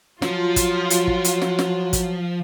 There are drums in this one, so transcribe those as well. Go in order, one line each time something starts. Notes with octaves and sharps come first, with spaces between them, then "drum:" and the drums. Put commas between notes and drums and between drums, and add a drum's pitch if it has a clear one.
F3 F#3 F4, drum: snare
drum: kick, hi-hat
drum: hi-hat
drum: kick
drum: hi-hat
drum: snare
drum: snare
drum: kick, hi-hat